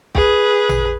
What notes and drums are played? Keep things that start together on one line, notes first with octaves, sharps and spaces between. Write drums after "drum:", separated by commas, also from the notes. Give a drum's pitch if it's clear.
G#4 B4, drum: kick
drum: tom A1